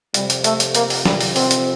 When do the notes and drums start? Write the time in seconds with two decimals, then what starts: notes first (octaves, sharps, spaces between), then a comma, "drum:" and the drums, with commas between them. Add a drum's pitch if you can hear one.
0.14 F2 C3 F3 G3, drum: hi-hat
0.30 drum: hi-hat
0.44 A3, drum: hi-hat
0.60 drum: hi-hat
0.75 A#3, drum: hi-hat
0.90 drum: open hi-hat
1.05 G3, drum: snare
1.21 drum: open hi-hat
1.36 C4, drum: open hi-hat
1.51 drum: hi-hat